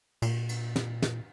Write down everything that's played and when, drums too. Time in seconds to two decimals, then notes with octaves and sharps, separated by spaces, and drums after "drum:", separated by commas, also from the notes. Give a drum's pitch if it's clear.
0.22 A#2, drum: cymbal
0.49 drum: cymbal
0.76 drum: snare
1.02 drum: snare